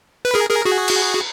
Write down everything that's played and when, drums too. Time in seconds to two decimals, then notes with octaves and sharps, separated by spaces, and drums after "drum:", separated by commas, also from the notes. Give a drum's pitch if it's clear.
0.25 B4
0.34 G#4 A#4
0.49 G#4 A#4
0.65 F#4 G#4
0.88 drum: cymbal